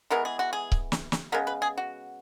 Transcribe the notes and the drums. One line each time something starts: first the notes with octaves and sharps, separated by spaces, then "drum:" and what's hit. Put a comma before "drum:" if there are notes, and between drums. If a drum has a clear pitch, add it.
E3 G#3 B3 A#4
G#4
F#4
G#4
drum: kick C#1
drum: snare
drum: snare
C#3 G#3 B3 A#4
B4
G#4
F#4